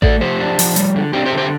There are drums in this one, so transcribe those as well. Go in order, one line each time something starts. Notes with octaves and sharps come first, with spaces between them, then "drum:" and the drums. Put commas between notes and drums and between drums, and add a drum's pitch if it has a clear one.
A3 A4 D5, drum: kick A1
F3 G4 C5
D4
F3, drum: open hi-hat
G3, drum: hi-hat
D3
C4 D4 G4
G4 C5
D3
G4 C5